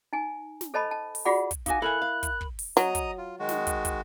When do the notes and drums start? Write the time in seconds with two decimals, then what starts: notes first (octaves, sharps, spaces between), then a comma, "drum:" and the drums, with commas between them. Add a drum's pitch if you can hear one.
0.13 D#4 G#5
0.61 drum: snare
0.74 A4 C5 D#5 A5 B5
0.91 A5
1.15 drum: open hi-hat
1.25 F4 F#4 G#4 D5 F#5 B5
1.51 drum: kick, hi-hat
1.66 D#4 F#4 F5 G#5 D6 A#6, drum: kick, hi-hat
1.82 E4 A4 A#4 F5 G#5 B5 F#6 F#7
2.02 F5
2.23 drum: kick, hi-hat
2.41 drum: kick
2.59 drum: open hi-hat
2.77 F#3 D#5 A#5 D#6, drum: snare
2.95 drum: kick, hi-hat
3.18 F4
3.39 D#3 G#3 F#4
3.49 drum: snare
3.67 drum: kick, hi-hat
3.85 drum: kick, hi-hat